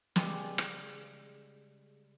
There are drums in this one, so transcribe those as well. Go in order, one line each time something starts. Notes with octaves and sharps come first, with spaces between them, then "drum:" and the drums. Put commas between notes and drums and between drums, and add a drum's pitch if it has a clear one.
C#3 G3 G#3 G4, drum: snare
drum: rim click